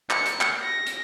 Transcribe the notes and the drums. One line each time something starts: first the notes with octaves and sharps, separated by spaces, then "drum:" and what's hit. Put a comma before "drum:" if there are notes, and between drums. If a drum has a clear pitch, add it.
C#7, drum: clap
drum: hi-hat
drum: clap
A#6
drum: hi-hat